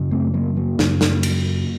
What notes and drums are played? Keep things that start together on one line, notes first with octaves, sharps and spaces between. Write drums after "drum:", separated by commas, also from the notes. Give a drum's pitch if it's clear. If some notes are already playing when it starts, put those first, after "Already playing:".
Already playing: F#2 C#3
A3 C4
F#3 A#3
F#3 A#3
F#2 C#3, drum: snare
drum: snare
drum: cymbal